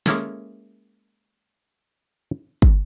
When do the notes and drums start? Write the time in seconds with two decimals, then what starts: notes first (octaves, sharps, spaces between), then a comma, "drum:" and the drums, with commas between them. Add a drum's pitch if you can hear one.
0.06 G#3 A#3 C#4 E4 G#4 A4, drum: snare
2.62 drum: kick